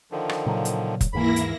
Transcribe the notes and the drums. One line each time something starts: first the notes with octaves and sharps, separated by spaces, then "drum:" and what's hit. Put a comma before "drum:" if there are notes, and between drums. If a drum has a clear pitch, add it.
D3 D#3 F3
drum: rim click
A#2 C#3 F#3
drum: hi-hat
drum: kick, hi-hat
D#2 G#2 E3 A#3 E4 B5 A#6
drum: hi-hat